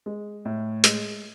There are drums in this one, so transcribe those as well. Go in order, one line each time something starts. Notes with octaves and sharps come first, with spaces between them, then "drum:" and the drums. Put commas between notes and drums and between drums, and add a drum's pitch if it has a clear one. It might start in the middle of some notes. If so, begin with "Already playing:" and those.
G#3
A2
G#3, drum: hi-hat